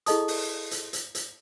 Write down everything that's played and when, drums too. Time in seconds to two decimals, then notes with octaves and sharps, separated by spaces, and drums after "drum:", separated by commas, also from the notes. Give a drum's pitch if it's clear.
0.06 E4 G#4 A4 D#5 A5 D#6, drum: hi-hat
0.28 drum: open hi-hat
0.71 drum: hi-hat
0.93 drum: hi-hat
1.15 drum: hi-hat